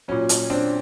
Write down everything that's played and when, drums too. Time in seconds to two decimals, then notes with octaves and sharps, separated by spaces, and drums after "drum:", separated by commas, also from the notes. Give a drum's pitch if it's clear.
0.08 A#2 F#3 C#4
0.29 drum: hi-hat
0.50 C4 D4